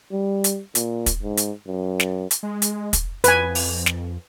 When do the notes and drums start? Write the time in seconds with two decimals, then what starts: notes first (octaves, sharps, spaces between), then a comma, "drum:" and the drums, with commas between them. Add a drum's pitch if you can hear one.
0.12 G3
0.44 drum: hi-hat
0.75 A#2, drum: hi-hat
1.06 drum: kick, hi-hat
1.23 G#2
1.37 drum: hi-hat
1.67 F#2
2.00 drum: snare
2.31 drum: hi-hat
2.43 G#3
2.62 drum: hi-hat
2.93 drum: kick, hi-hat
3.24 F2 B4 G#5, drum: hi-hat
3.55 drum: open hi-hat
3.86 drum: snare